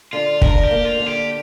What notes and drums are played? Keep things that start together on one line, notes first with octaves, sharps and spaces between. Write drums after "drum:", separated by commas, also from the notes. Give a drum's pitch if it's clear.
D3 F4
D4 A#4, drum: kick
G4
A#3
F4
D3
G4